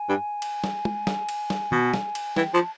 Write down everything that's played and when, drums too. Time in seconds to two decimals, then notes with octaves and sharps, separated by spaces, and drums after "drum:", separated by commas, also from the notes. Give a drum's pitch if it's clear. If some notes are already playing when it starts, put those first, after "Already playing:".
Already playing: G#5
0.09 G2
0.42 drum: cymbal
0.64 drum: snare
0.85 drum: tom
1.07 drum: snare
1.29 drum: cymbal
1.50 drum: snare
1.72 B2, drum: tom
1.94 drum: snare
2.15 drum: cymbal
2.36 E3 G5, drum: snare
2.54 F3 A5